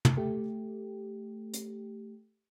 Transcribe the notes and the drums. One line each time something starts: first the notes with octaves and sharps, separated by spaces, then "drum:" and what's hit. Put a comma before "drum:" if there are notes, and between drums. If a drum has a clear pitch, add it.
drum: tom
A3 G4
drum: hi-hat